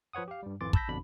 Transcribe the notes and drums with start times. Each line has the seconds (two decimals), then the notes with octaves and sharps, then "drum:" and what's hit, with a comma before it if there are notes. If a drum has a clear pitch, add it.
0.13 F3 B4 C#5 F#5 D#6
0.28 G4 F5
0.43 G2 G3
0.61 G#1 F2 E3 C6 D6 A6
0.73 A5 B5 E6 G6 A#6 B6, drum: kick
0.88 G1 F2 B2 D4 B5